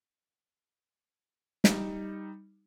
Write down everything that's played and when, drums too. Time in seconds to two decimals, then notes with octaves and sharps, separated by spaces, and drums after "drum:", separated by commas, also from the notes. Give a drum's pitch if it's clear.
1.64 G3 D#4, drum: snare